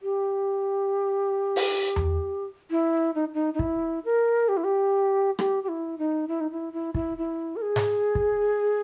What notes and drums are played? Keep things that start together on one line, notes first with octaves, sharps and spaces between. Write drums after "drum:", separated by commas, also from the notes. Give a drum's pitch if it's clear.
G4
drum: open hi-hat
drum: tom E2
E4
D#4
D#4
D#4
E4, drum: kick
A#4
G4
E4
G4
G4, drum: rim click
G4
E4
D#4
E4
D#4
E4
E4
E4, drum: kick
E4
A#4
G#4
drum: snare G#2
drum: kick